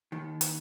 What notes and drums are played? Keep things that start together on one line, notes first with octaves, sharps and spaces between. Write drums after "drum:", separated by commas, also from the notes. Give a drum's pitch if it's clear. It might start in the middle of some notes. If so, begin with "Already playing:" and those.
D#2 D#3
drum: hi-hat